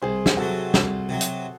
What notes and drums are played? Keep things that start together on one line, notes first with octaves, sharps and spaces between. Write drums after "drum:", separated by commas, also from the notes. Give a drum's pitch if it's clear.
C2 G#4 C5
drum: snare
C3 F#3 F#4 A4
C2, drum: snare
C3 F#3
drum: hi-hat